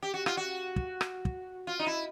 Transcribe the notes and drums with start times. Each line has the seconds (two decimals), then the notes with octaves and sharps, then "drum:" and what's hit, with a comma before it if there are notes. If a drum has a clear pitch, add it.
0.03 G4
0.14 F#4
0.26 F4, drum: rim click
0.37 F#4
0.76 drum: kick
1.01 drum: rim click
1.25 drum: kick
1.67 F4
1.79 D#4
1.87 E4